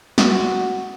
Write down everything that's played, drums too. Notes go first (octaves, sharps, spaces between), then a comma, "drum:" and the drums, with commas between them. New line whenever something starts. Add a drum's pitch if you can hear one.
F#4, drum: snare